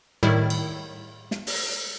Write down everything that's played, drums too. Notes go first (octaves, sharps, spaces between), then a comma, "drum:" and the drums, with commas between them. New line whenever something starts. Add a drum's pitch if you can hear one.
A2 D#3 G3 E4
drum: cymbal
drum: snare
drum: open hi-hat